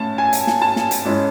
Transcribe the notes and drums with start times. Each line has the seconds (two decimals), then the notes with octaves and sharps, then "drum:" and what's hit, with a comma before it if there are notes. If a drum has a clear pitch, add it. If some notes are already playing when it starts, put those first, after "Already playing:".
Already playing: A2 C#4 A5
0.18 G#5
0.33 drum: hi-hat
0.47 drum: snare
0.62 A5
0.76 drum: snare
0.91 drum: hi-hat
1.05 G#2 G#3 C#4 E4